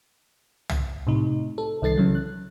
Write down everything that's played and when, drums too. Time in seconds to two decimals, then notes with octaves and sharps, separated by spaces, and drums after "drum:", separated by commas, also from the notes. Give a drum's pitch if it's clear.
0.69 drum: tom
1.07 A2 C3 D#4
1.58 A4
1.82 C2 D#3 A4 A6 C7
1.98 C#3 E3 F#3
2.15 F#6